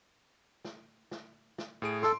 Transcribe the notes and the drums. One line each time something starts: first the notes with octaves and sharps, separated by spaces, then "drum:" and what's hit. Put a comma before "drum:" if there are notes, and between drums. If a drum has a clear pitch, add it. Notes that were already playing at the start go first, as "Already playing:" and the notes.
drum: snare
drum: snare
drum: snare
A2 G#4 D7
A4 C6, drum: snare